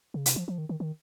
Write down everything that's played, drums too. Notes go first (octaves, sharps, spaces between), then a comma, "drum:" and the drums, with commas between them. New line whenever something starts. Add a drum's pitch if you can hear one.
C#3
C3, drum: hi-hat
F3
F3
D#3
D#3
D#3